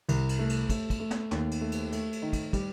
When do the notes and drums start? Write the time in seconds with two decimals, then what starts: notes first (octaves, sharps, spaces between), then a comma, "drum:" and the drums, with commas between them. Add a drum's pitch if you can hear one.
0.09 C2, drum: cymbal
0.29 drum: cymbal
0.39 A3
0.49 drum: cymbal
0.70 A3, drum: kick, cymbal
0.90 drum: kick, cymbal
1.00 A3
1.11 drum: snare
1.31 D#2, drum: snare
1.51 drum: cymbal
1.61 A3
1.72 drum: cymbal
1.92 A3, drum: cymbal
2.13 drum: cymbal
2.22 D#3
2.33 drum: kick, cymbal
2.53 G3, drum: kick, cymbal